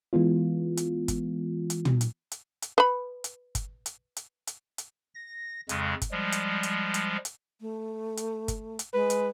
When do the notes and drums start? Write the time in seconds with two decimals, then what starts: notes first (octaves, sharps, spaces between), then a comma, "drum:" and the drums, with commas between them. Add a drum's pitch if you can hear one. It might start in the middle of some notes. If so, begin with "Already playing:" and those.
0.13 E3 G#3 B3 F4
0.77 drum: hi-hat
1.08 drum: kick G1, hi-hat
1.70 drum: hi-hat
1.85 drum: tom
2.01 drum: hi-hat
2.32 drum: hi-hat
2.62 drum: hi-hat
2.78 B4 B5
3.24 drum: hi-hat
3.55 drum: kick G1, hi-hat
3.86 drum: hi-hat
4.17 drum: hi-hat
4.47 drum: hi-hat
4.78 drum: hi-hat
5.15 A#6
5.69 F2 C#3 G#3, drum: hi-hat
6.02 drum: kick G1, hi-hat
6.11 F3 G3 G#3
6.32 drum: hi-hat
6.63 drum: hi-hat
6.94 drum: hi-hat
7.25 drum: hi-hat
7.61 A3
8.17 drum: hi-hat
8.48 drum: kick G1, hi-hat
8.79 drum: hi-hat
8.94 G#3 B4
9.10 drum: hi-hat